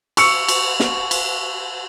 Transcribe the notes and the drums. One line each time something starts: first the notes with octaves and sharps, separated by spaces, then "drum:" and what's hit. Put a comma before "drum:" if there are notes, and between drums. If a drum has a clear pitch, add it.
C#6 E6 C#7, drum: cymbal
drum: cymbal
drum: snare
drum: cymbal